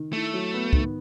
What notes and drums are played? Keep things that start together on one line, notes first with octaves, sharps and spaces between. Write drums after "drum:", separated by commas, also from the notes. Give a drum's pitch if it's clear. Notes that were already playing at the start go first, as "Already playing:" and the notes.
Already playing: D#3
A3 E4
F#3
B3
D#3, drum: kick